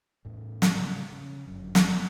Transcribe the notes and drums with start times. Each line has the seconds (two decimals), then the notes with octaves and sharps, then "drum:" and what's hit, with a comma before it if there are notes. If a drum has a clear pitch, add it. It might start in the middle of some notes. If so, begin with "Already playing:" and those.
0.25 E2 A2
0.62 drum: snare
0.75 G#2 C#3 G3
1.12 C#3
1.47 G1 F#2
1.75 drum: snare